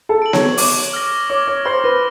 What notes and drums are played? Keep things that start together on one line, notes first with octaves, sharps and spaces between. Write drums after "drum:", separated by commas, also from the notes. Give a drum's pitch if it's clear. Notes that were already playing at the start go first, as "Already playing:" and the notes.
A4
D7 F#7
C#5, drum: snare B3
D6, drum: open hi-hat
F6 A#6
C#5 D6
C#5
C5 F6 A#6
B4